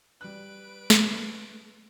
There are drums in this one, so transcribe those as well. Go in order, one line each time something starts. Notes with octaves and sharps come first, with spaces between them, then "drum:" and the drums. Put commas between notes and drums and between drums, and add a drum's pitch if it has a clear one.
G3 B4 F#6 D7
drum: snare